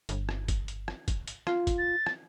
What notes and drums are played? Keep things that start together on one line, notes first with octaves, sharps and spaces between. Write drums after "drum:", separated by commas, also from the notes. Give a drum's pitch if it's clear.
G1, drum: hi-hat
drum: rim click
drum: kick, hi-hat
drum: hi-hat
drum: rim click
drum: kick, hi-hat
drum: hi-hat
F4, drum: rim click
drum: kick, hi-hat
A6
drum: rim click